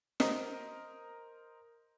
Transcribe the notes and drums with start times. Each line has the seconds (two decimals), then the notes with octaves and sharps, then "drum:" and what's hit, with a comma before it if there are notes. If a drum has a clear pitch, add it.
0.20 A#4 C5 D#5 D#6, drum: snare